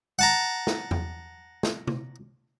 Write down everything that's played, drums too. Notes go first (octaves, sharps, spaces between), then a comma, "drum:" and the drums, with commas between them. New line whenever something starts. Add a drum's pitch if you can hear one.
F#5 A5 A#5
drum: snare
drum: tom E2
drum: snare
drum: tom C3